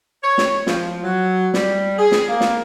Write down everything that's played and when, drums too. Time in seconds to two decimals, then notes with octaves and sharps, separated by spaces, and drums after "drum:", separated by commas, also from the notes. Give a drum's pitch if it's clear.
0.23 C#5
0.38 drum: snare
0.67 F3, drum: snare
1.04 F#3
1.54 G3, drum: snare
1.98 G#4
2.12 drum: snare
2.28 A#3
2.41 drum: snare